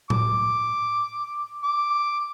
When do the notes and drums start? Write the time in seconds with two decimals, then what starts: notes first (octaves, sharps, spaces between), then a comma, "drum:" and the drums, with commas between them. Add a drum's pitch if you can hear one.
0.10 D6, drum: tom A2
1.64 D6